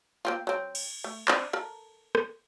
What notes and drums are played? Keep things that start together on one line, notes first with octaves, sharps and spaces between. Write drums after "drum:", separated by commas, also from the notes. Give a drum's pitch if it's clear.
A#3 C4 F4
F#3 C4
drum: cymbal
A3
C4 D4 B5, drum: clap
A4 A#4
drum: rim click